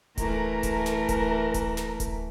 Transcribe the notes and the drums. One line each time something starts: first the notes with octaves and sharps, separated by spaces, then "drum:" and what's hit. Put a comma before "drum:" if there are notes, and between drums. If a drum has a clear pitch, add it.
E3 A3 A#4, drum: kick D1, hi-hat
drum: kick D1, hi-hat
drum: snare
drum: kick D1, hi-hat
drum: kick D1, hi-hat
drum: snare
drum: kick D1, hi-hat